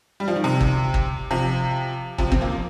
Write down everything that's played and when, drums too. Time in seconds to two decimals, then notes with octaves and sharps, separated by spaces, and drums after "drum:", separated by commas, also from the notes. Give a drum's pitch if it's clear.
0.20 G3
0.28 F3
0.36 D#3
0.44 C3
0.61 drum: kick
0.94 drum: kick
1.31 C3 F3
2.18 C3 F3, drum: kick
2.32 C4, drum: kick
2.41 F3 A#3